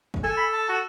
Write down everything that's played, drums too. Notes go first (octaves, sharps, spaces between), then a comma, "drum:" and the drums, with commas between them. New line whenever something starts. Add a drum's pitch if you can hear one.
drum: kick
A4 G#5
B5
A5
F#4